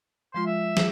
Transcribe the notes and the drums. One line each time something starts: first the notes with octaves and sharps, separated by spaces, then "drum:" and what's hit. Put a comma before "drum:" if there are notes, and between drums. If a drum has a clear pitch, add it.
F3 G#3 F4 C6
E5
G#4, drum: snare